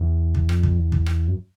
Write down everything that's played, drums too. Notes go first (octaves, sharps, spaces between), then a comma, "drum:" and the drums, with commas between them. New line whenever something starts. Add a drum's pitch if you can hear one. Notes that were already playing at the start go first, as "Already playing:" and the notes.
Already playing: E2
drum: kick
F2, drum: rim click
drum: kick
E2
drum: kick
drum: rim click
F#2